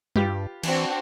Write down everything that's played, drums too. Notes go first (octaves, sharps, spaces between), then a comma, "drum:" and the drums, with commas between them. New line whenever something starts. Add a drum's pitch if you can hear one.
G2 F4 G4 B4, drum: tom G3
E3 C4 D4 F#4, drum: cymbal